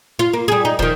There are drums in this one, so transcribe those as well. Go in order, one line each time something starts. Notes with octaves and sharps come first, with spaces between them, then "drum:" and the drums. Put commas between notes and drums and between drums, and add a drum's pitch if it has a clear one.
F4
A#3
G3 G#4
D#4
D#3 F3, drum: kick